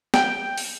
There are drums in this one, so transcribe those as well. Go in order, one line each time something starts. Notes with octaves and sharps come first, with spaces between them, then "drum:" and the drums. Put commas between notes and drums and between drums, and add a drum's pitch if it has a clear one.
G5, drum: snare
drum: open hi-hat